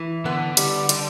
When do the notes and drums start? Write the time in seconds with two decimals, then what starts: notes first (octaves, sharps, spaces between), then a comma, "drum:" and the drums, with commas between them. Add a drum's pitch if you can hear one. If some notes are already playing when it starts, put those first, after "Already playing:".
Already playing: E3
0.25 D3 B3
0.57 G3, drum: hi-hat
0.89 G3, drum: hi-hat